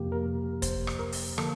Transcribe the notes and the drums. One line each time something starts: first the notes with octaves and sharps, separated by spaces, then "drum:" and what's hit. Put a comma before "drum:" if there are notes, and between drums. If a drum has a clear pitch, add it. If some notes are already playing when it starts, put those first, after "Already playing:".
Already playing: F2 C3 F3 A#3 G4
A#4
C5, drum: kick, hi-hat
drum: rim click
A#4
drum: open hi-hat
D3 F3 A#3 A4, drum: rim click